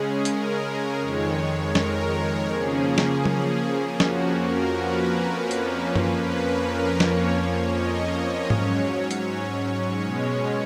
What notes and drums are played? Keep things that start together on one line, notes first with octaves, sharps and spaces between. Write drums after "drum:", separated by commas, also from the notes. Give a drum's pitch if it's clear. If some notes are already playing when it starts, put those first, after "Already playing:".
Already playing: C#3 G#3 C#4 G#4
A#4, drum: hi-hat
F2 D#3 G#3 C#5
A#4, drum: snare
C#3 F3 A#3 C#4 G#4
G#4
drum: snare
G#4, drum: tom F#3
F2 F3 A#3 C#4 F#4, drum: snare
A#4
B4
F2 F3 A#3 C#4, drum: hi-hat
drum: tom F#2
B4
A#4
F2 F3 A#3 C#4 C#5, drum: snare
D#5
C#5
G#2 F#3 C#4 C#5, drum: tom G#2
drum: hi-hat
B2 G#3 C#4